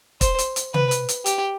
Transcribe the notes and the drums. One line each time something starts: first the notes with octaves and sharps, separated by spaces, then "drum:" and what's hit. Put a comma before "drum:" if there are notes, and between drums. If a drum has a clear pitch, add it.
C5, drum: kick, hi-hat
drum: hi-hat
drum: hi-hat
B4, drum: tom C3
drum: hi-hat
drum: hi-hat
G4, drum: hi-hat